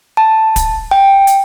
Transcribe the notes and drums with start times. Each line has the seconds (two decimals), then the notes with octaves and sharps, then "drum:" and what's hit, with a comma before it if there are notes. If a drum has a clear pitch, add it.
0.17 A5
0.56 drum: kick, hi-hat
0.91 G5
1.27 drum: hi-hat